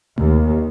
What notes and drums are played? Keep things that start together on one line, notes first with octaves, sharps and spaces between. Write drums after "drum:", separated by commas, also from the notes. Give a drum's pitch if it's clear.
D#2, drum: tom A3